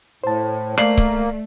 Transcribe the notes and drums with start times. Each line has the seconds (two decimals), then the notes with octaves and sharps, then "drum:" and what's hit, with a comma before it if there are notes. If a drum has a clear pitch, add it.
0.24 A2 C5 A5
0.77 A3 A#3 D5 C7 F#7, drum: rim click
0.98 drum: kick C#1